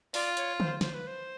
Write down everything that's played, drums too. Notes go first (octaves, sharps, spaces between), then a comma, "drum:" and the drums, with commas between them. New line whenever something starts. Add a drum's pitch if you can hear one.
F4 D5, drum: open hi-hat
C#5, drum: hi-hat
C5, drum: tom D3
C5, drum: snare
B4
C5